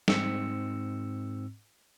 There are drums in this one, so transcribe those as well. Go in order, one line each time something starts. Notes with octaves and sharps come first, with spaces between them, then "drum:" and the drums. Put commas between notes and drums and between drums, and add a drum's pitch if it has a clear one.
G#2 C4 E6 C#7, drum: snare